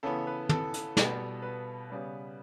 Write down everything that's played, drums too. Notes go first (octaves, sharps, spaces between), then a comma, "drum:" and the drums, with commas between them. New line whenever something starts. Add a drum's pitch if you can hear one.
C#3 E3 B3 A4
B4
A4, drum: tom
drum: hi-hat
B2 G3 B3, drum: snare
B4
C#3 G3 B3